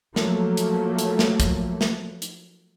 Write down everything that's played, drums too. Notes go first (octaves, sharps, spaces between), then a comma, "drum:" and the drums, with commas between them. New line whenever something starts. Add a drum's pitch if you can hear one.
F3 F#3 A3 A#3, drum: snare
drum: hi-hat
drum: hi-hat
drum: snare
drum: kick, hi-hat
drum: snare
drum: hi-hat